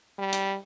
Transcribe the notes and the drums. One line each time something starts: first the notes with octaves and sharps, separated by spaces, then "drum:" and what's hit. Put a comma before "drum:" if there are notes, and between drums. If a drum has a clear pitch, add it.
G3
drum: hi-hat